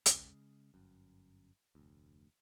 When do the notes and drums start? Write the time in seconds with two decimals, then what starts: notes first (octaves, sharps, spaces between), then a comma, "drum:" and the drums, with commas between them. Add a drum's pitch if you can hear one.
0.06 C#3 G#3, drum: hi-hat
0.74 G1 F#2
1.75 F1 D2